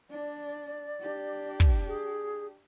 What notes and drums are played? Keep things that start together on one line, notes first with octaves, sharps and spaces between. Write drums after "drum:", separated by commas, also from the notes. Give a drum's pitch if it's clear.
D4 D5
D4 G4
drum: kick
G#4